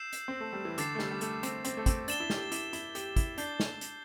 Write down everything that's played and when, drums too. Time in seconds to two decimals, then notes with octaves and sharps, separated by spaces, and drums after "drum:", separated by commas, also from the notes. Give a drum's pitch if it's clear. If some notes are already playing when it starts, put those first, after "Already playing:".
Already playing: E6 G6 C7 E7
0.13 drum: hi-hat
0.28 C4
0.40 A3
0.53 G3
0.65 E3
0.78 D3 D6 A6 C7 E7, drum: hi-hat
0.95 A3
0.99 G3, drum: snare
1.11 G3
1.21 A3, drum: hi-hat
1.43 C4, drum: hi-hat
1.65 C4, drum: hi-hat
1.77 A3
1.86 C4, drum: kick, hi-hat
2.08 D4 A6 E7 G7, drum: hi-hat
2.20 E4
2.30 G4, drum: snare
2.52 E4, drum: hi-hat
2.73 E4, drum: hi-hat
2.95 G4, drum: hi-hat
3.16 E4, drum: kick, hi-hat
3.38 D4 G6 C7 G7, drum: hi-hat
3.60 drum: snare
3.81 drum: hi-hat